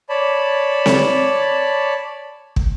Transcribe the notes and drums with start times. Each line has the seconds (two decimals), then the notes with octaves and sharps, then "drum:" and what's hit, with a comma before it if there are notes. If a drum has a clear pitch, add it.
0.09 C#5 D5 A5 B5
0.86 drum: snare C4
2.56 drum: kick